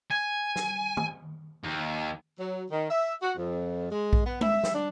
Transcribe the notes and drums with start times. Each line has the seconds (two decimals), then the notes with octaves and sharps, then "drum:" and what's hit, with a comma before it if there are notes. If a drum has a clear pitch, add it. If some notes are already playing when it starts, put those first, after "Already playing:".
0.11 G#5
0.56 drum: snare
0.97 drum: tom
1.64 D#2
2.39 F#3
2.71 D#3
2.90 E5
3.23 F#4
3.37 F2
3.91 G#3
4.13 drum: kick A#1
4.26 B3
4.41 E5, drum: tom G#3
4.63 drum: snare
4.74 D4